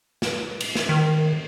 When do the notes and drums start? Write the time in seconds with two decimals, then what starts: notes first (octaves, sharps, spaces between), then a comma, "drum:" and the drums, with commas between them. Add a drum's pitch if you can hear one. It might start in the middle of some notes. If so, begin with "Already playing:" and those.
0.22 drum: snare
0.61 drum: cymbal
0.75 drum: snare
0.89 D#3